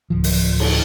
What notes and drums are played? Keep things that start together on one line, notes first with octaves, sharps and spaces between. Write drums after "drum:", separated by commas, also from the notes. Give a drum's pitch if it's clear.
D1 F3
drum: open hi-hat
drum: cymbal